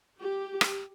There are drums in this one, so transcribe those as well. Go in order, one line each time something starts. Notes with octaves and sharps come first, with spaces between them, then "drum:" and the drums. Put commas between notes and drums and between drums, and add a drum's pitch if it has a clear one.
G4
drum: rim click